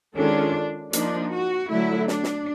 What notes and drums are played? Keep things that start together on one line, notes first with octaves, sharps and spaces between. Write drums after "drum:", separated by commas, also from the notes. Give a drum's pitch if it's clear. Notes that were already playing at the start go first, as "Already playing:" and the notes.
D#3 G#3 C#4 D4 F4 A4
F3 A#3 D4 D#4, drum: hi-hat
F#4
D3 F#3 A3 E4
D4, drum: snare
drum: snare